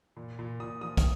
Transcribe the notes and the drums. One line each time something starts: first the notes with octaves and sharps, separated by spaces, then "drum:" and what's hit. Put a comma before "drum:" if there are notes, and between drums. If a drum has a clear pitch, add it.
A#2
A#2
A#2 D#6
F3 D#6
drum: kick, hi-hat